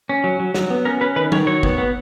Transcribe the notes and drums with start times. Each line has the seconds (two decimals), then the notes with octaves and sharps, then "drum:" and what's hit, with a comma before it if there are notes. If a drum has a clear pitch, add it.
0.09 C#4
0.24 F#3
0.40 F#3
0.54 F#3, drum: snare
0.70 B3
0.85 C#4 A#4
1.01 C#4 B4
1.16 D#3 B4
1.32 D#3 C#5, drum: tom
1.47 F#3 C#5
1.63 B3, drum: kick
1.78 B3